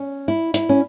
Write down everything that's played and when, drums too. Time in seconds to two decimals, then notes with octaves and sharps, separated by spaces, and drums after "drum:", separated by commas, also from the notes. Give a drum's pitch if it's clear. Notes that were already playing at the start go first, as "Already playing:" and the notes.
Already playing: C#4
0.28 E4
0.54 E4, drum: hi-hat
0.69 C#4